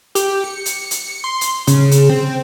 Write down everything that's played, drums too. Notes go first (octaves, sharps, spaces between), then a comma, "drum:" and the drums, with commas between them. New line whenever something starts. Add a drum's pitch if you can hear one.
G4, drum: hi-hat
C#7
drum: hi-hat
drum: hi-hat
C6
drum: hi-hat
C#3, drum: hi-hat
drum: hi-hat
C4